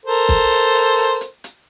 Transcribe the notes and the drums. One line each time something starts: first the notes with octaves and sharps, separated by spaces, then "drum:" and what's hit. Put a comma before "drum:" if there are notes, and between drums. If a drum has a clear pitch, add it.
A4 A#4 C5
drum: kick, hi-hat
drum: open hi-hat
drum: open hi-hat
drum: open hi-hat
drum: hi-hat
drum: hi-hat